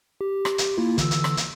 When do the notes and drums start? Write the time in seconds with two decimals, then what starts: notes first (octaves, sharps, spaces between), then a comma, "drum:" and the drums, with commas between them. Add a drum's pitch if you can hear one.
0.21 G4
0.45 drum: rim click
0.58 drum: hi-hat
0.78 A#3 E4 F4
0.98 D3 E3 E6, drum: kick, hi-hat
1.11 drum: hi-hat
1.24 drum: rim click
1.37 drum: hi-hat